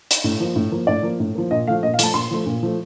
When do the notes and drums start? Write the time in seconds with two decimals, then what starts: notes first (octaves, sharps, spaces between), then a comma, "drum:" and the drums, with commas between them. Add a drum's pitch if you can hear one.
0.11 drum: hi-hat
0.24 A2
0.40 F3 A#3
0.56 A2
0.72 F3 A#3
0.87 A2 D5
1.03 F3 A#3
1.20 A2
1.35 F3 A#3
1.51 A#2 D#5
1.67 F3 A3 F5
1.83 A#2 D#5
1.94 F5
1.99 F3 A3 A5, drum: hi-hat
2.14 A#2 C6
2.31 F3 A3
2.46 A#2
2.63 F3 A3